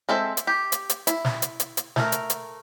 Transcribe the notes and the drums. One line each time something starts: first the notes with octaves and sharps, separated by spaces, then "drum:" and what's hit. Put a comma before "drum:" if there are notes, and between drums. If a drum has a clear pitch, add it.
G#3 C4 A4 E5
drum: hi-hat
G4
drum: hi-hat
drum: hi-hat
E4, drum: hi-hat
drum: snare
drum: hi-hat
drum: hi-hat
drum: hi-hat
A3 A#4, drum: snare
drum: hi-hat
drum: hi-hat